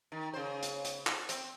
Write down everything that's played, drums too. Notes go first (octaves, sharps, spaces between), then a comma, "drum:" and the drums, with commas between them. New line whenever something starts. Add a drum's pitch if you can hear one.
D#3
C#3 C5
drum: hi-hat
drum: hi-hat
drum: clap
C4, drum: hi-hat